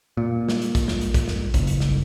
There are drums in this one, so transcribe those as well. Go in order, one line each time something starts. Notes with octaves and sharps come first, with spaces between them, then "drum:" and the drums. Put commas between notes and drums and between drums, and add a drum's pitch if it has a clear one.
A#2
drum: snare
drum: hi-hat
drum: kick, hi-hat
drum: snare
drum: hi-hat
drum: kick, hi-hat
drum: snare
F#1, drum: kick, hi-hat
drum: hi-hat
drum: snare